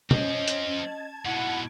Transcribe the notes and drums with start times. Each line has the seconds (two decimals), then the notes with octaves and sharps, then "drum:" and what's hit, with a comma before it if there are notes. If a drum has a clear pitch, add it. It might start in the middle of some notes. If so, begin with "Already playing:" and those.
0.11 F3 C4 C#4 D#5, drum: tom B2
0.48 drum: hi-hat
0.71 A5 G#6
1.25 G#2 B2 E4 F#5